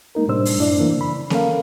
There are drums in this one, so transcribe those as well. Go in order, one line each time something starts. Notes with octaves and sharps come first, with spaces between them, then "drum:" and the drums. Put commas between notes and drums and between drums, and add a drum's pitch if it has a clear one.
G#3 A#3 D#4 A#4
A2 C3 G3 D4 C5 E6
drum: open hi-hat
F#2 A3 D4 E4 D5
E3 A#3 D4
C#3 B5
C#4 A4 A#4 F5, drum: snare A#3